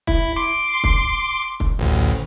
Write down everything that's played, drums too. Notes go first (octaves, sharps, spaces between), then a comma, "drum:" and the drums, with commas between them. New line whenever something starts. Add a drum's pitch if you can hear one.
E4, drum: kick
C6 D6 C7
drum: kick
drum: kick
A1 D2